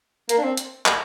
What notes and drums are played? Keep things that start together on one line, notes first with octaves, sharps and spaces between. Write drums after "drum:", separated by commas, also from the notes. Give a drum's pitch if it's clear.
A#3, drum: hi-hat
D4
C4
drum: hi-hat
drum: clap